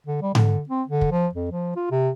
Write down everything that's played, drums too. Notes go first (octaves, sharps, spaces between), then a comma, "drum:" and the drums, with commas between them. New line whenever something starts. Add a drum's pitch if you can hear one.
D3
G3
D3, drum: tom G#2
C4
D3
drum: kick
F3
F2
F3
F4
C3